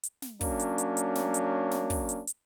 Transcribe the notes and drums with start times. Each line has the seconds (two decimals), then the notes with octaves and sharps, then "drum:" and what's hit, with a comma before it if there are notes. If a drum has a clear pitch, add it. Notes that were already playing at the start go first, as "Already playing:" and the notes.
0.03 drum: hi-hat
0.22 drum: snare
0.41 F#3 A#3 C#4 D4, drum: kick, open hi-hat
0.59 drum: hi-hat
0.78 drum: hi-hat
0.97 drum: hi-hat
1.15 drum: snare
1.34 drum: hi-hat
1.71 drum: snare
1.90 drum: kick, open hi-hat
2.09 drum: hi-hat
2.27 drum: hi-hat